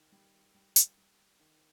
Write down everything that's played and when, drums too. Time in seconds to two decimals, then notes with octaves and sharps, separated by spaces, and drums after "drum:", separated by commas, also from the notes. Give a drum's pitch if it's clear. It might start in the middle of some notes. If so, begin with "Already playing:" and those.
Already playing: D#3
0.12 G3
0.55 G3
0.76 drum: hi-hat
0.98 G3
1.40 D#3